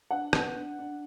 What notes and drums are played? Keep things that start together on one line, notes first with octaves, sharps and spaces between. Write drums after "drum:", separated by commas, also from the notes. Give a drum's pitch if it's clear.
D4 F#5
B3, drum: rim click
D4
D4